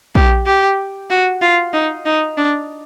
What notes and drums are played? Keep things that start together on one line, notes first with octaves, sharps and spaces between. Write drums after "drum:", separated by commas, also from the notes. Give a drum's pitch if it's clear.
G4, drum: kick A#1
G4
F#4
F4
D#4
D#4
D4